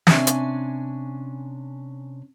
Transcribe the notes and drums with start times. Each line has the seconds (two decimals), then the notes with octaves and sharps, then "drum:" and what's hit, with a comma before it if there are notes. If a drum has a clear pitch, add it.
0.07 C3 C#4 D4 G#5, drum: snare
0.27 drum: hi-hat